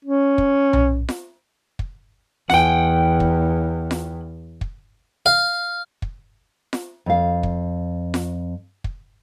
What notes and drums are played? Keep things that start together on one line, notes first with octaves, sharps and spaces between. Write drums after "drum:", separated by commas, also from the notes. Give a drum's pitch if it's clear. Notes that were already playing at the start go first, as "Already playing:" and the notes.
C#4
drum: kick
drum: tom B1
drum: snare F4
drum: kick
E2 F#5 G5, drum: snare F4
drum: kick
drum: snare F4
drum: kick
F5
drum: kick
drum: snare F4
F2 F5
drum: kick
drum: snare F4
drum: kick